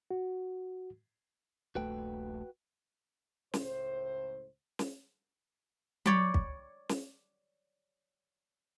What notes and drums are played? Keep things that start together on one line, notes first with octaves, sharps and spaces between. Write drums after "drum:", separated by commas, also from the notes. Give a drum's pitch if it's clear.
F#4
D#1 A#1 A3 F#4 B4 G5
C#2 A2 C5, drum: snare
drum: snare
C#5 D5 G5 B5, drum: tom F#3
drum: kick
drum: snare